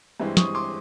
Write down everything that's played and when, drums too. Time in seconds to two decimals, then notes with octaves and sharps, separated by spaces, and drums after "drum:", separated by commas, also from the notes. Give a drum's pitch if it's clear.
0.20 G2 E3 G#3 C4
0.37 C#6 D#6, drum: snare
0.55 C6 D6